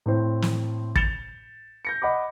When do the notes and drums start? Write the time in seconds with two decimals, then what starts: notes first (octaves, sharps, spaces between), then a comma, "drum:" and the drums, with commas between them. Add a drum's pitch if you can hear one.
0.06 A2 C4 C5
0.42 drum: snare
0.96 A6 C#7 E7 F7 G7, drum: kick
1.85 G6 A#6 C#7
2.02 D#5 F#5 B5 D6